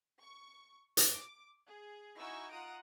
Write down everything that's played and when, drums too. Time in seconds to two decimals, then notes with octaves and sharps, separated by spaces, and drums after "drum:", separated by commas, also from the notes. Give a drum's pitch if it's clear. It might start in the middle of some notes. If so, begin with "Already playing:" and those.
0.21 C#6
0.97 D6, drum: hi-hat
1.66 G#4
2.18 D#4 E4 F#4 G#5 C#6 E6
2.51 F4 F#5 A#5 D#6 D7